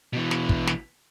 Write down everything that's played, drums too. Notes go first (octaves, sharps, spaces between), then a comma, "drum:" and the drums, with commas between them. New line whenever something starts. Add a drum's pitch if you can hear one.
B2 E3
drum: snare
drum: kick
drum: snare